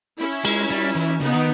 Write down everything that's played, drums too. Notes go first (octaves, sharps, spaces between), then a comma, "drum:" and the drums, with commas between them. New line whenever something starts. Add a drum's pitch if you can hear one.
C#4 E4
G#3, drum: cymbal
G3
E3
C#3 B3 D#4
D#3